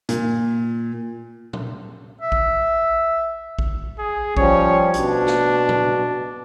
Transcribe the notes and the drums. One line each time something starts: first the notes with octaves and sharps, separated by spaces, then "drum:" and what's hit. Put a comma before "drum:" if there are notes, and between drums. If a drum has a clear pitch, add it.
A#2, drum: hi-hat
drum: tom A#2
E5
drum: kick A#1
drum: kick A#1
G#4
F3 G3 C#4 C#5, drum: kick A#1
B2 D4, drum: hi-hat
drum: snare
drum: tom A#2